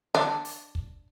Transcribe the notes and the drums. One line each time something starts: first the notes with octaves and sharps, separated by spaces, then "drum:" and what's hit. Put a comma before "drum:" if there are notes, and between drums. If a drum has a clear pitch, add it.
D4, drum: snare
drum: open hi-hat
drum: kick